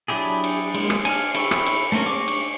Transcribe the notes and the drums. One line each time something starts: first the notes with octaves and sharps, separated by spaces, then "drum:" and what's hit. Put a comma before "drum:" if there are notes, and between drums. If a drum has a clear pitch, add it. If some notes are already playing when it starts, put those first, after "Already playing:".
F#3 D4 E4 G4 G#4
drum: cymbal
G#3 A#3, drum: cymbal
drum: rim click
G#5 A5 F6, drum: cymbal
E4 A4 G5 C#6, drum: cymbal
drum: rim click
drum: cymbal
A3 A#3 C4 C#4 F#4
C#6 D6
drum: cymbal